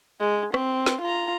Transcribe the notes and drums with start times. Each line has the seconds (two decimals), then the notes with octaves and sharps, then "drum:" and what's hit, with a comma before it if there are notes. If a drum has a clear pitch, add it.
0.20 G#3
0.54 C4, drum: rim click
0.86 drum: snare
1.02 F4 A#5